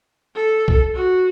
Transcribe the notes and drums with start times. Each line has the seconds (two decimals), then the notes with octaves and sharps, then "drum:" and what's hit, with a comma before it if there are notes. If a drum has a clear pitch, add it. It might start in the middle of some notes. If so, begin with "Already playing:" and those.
0.35 A4
0.68 drum: kick B1
0.95 F#4